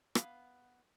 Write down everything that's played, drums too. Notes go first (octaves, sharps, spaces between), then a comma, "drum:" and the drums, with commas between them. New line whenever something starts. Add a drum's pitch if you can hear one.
B3 F5, drum: rim click